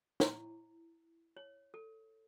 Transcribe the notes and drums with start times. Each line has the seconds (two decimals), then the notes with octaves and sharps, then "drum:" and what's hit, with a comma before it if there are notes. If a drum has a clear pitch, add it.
0.20 E4, drum: snare
1.37 C#5
1.74 A4